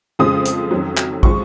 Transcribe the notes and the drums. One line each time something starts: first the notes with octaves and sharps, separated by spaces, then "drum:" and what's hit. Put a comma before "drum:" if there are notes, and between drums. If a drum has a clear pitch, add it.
F2 C#3 F3 G#3 D#6
drum: hi-hat
F2 D#3 F#3
drum: clap
F3 G#3 C#6, drum: kick